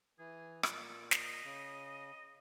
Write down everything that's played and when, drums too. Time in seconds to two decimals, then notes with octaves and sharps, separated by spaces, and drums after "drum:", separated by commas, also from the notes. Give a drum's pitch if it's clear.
0.19 E3 G#4
0.63 A#2 A4, drum: rim click
1.11 D#5, drum: snare
1.45 C#3